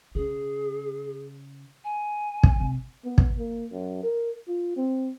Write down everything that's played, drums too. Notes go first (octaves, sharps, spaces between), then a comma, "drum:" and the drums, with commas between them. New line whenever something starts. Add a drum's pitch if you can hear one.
C#3 G#4
G#5
drum: kick
C3
B3
drum: kick
A#3
F#2
A#4
F4
C4